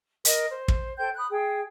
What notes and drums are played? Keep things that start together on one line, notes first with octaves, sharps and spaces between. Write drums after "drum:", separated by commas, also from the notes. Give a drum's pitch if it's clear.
A#4 D#5, drum: hi-hat
C5
drum: kick
A4 C5 G5 G6
B5 D#6 F#6
G#4 G5